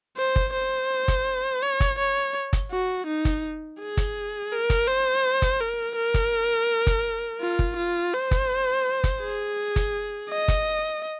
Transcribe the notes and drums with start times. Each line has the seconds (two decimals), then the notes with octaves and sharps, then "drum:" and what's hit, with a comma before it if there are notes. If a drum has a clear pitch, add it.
0.17 C5
0.36 drum: kick
0.53 C5
1.08 drum: kick, hi-hat
1.62 C#5
1.80 drum: kick, hi-hat
1.99 C#5
2.53 drum: kick, hi-hat
2.71 F#4
3.07 D#4
3.25 drum: kick, hi-hat
3.80 G#4
3.97 drum: kick, hi-hat
4.52 A#4
4.70 drum: kick, hi-hat
4.87 C5
5.42 drum: kick, hi-hat
5.61 A#4
5.96 A#4
6.14 drum: kick, hi-hat
6.87 drum: kick, hi-hat
7.40 F4
7.59 drum: kick
7.76 F4
8.14 C5
8.31 drum: kick, hi-hat
9.04 drum: kick, hi-hat
9.22 G#4
9.76 drum: kick, hi-hat
10.30 D#5
10.48 drum: kick, hi-hat